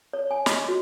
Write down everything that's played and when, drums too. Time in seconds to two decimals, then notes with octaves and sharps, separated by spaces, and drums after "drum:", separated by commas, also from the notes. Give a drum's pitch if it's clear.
0.13 C#5
0.31 G#5
0.46 D#5, drum: snare
0.68 F#4